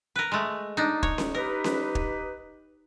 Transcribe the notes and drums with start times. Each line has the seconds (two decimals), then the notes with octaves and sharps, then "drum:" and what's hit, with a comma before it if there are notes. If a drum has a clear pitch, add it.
0.16 A#4 B4
0.32 G#3 A3
0.77 D4 D#4
1.03 C#5, drum: kick
1.18 drum: snare C#4
1.35 D#4 G4 A#4 B4
1.64 drum: snare C#4
1.95 drum: kick